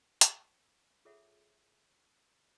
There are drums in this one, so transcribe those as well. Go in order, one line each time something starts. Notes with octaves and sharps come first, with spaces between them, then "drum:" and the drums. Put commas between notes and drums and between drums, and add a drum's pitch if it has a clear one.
drum: hi-hat
F4 G#4 A4 C#5 E5 F#5